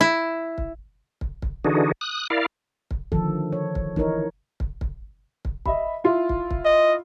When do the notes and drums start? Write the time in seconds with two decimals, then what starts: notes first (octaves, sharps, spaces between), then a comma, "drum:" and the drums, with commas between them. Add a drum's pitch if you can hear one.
0.01 E4
0.58 drum: kick
1.21 drum: kick
1.42 drum: kick
1.65 D3 E3 D4 D#4 F#4 G#4
2.01 D#6 F#6
2.30 E4 A#4 D5 F5
2.91 drum: kick
3.12 D3 D#3 F3 A4, drum: kick
3.53 C#5
3.75 drum: kick
3.96 E3 D#4 E4 A#4 C#5, drum: kick
4.60 drum: kick
4.81 drum: kick
5.45 drum: kick
5.66 D#5 E5 B5, drum: kick
6.04 E4 F4
6.29 drum: kick
6.51 drum: kick
6.65 D#5